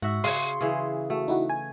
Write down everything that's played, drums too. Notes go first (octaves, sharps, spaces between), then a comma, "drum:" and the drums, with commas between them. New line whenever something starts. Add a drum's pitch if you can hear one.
G#2 F#4 E5
C#3 C#5 C6, drum: open hi-hat
C#3 E3 G#4
A3 F#4
D#4 E4 F#4
G#5